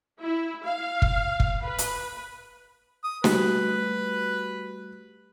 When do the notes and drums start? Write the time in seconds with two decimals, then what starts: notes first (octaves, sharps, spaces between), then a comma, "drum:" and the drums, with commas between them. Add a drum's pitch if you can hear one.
0.20 E4
0.63 F5
1.02 drum: kick
1.40 drum: kick
1.63 B4
1.78 drum: hi-hat
3.04 D#6
3.24 G3 A3 F#4 B4, drum: snare